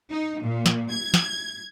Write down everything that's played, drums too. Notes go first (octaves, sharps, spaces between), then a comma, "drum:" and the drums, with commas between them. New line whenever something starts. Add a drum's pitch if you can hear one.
D#4
A#2
drum: snare
G#6
drum: snare